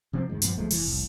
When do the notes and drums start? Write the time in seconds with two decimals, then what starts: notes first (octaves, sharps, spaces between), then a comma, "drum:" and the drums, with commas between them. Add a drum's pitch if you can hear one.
0.13 C3 F3 C4
0.29 G#2 D#3 G#3
0.42 G2 A#2 F3 B3, drum: hi-hat
0.57 C#2 F3 G#3 A3
0.70 F1 E3, drum: open hi-hat
0.86 F1 C2